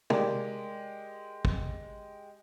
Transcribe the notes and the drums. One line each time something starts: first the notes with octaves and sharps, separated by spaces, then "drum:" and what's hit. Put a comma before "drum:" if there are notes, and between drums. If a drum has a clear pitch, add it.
G#3 G4 A#4 D5, drum: tom
drum: kick